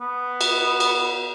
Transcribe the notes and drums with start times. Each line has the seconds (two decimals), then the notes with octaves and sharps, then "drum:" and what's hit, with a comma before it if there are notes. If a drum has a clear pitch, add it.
0.01 B3
0.41 drum: cymbal
0.80 drum: cymbal